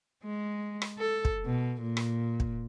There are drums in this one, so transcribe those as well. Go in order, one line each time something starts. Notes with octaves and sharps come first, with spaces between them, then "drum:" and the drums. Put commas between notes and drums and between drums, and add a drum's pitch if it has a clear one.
G#3
drum: rim click
A4
drum: kick
B2
A#2
drum: rim click
drum: kick